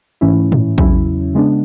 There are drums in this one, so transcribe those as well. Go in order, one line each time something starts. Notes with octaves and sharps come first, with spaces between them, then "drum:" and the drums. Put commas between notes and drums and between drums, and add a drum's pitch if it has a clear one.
G#2 E3 A3 C#4 E4
drum: tom A2
E2 C#3 F#3 C#4 E4, drum: kick
C#3 G#3 B3 D4